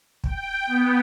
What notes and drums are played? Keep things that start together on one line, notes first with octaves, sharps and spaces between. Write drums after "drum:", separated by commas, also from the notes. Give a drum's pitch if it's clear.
G5, drum: kick
B3